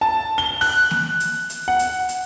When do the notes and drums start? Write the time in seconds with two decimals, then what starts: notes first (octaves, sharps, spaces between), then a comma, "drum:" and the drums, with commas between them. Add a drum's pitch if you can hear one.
0.01 A5
0.38 G7
0.61 F#6, drum: open hi-hat
0.91 drum: snare A#3
1.20 drum: hi-hat
1.50 drum: hi-hat
1.68 F#5
1.79 drum: hi-hat
2.09 drum: hi-hat